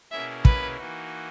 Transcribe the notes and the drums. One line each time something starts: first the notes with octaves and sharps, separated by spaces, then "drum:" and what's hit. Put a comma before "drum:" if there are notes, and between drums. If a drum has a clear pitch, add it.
B2 A#3 C#4 E4 G#4 E5
B4, drum: kick
E3 A#3 D#4 F#4